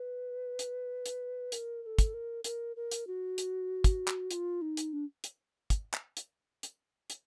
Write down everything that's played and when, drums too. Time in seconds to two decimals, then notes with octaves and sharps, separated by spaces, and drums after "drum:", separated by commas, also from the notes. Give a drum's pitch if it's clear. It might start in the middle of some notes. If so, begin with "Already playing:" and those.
Already playing: B4
0.59 drum: hi-hat
1.06 drum: hi-hat
1.52 A#4, drum: hi-hat
1.82 A#4
1.86 A4
1.99 drum: kick, hi-hat
2.14 A#4
2.44 A#4, drum: hi-hat
2.76 A#4
2.91 drum: hi-hat
3.07 F#4
3.38 drum: hi-hat
3.84 drum: kick, hi-hat
4.08 drum: clap
4.31 F4, drum: hi-hat
4.62 D#4
4.77 drum: hi-hat
4.93 D4
5.24 drum: hi-hat
5.70 drum: kick, hi-hat
5.93 drum: clap
6.17 drum: hi-hat
6.63 drum: hi-hat
7.10 drum: hi-hat